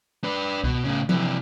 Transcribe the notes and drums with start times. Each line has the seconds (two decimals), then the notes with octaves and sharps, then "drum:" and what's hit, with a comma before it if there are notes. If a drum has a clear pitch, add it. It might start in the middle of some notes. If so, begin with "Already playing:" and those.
0.24 D4 B4
0.64 B2, drum: kick C2
0.84 A2 C#3
1.09 C3 E3, drum: tom F3